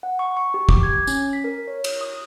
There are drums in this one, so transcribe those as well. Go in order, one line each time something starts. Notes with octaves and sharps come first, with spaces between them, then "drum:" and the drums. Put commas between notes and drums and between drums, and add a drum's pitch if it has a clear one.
F#5
C#6
C#6
G4
D6, drum: kick
G#6
C#4, drum: tambourine
B6
A#4
C#5
drum: cymbal
D#6